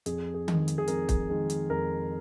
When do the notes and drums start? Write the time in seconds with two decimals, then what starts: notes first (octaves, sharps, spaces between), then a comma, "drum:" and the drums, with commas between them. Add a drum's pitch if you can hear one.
0.06 F2 G#4, drum: hi-hat
0.34 G#4
0.48 D#3 G#3, drum: tom D#3
0.68 drum: hi-hat
0.78 G#4
0.88 F2 A#4, drum: hi-hat
1.09 drum: kick, hi-hat
1.30 D#3 G#3
1.50 drum: hi-hat
1.70 F2 A#4